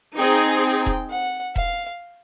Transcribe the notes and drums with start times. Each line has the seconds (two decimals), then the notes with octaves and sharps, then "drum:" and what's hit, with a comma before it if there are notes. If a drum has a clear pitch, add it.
0.16 C4 D#4 G#4 G5
0.63 G5
0.86 drum: kick E1
1.10 F#5
1.56 F5, drum: kick E1